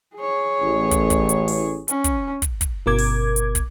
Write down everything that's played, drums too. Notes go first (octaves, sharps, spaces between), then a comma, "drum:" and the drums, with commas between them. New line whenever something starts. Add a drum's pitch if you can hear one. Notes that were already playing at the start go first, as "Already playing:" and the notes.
G#4 C#5
A1
drum: kick, hi-hat
drum: kick, hi-hat
drum: hi-hat
drum: open hi-hat
C#4, drum: hi-hat
drum: kick, hi-hat
drum: kick, hi-hat
drum: kick, hi-hat
G1 B2 A#4 D6 G#6
drum: open hi-hat
drum: hi-hat
drum: kick, hi-hat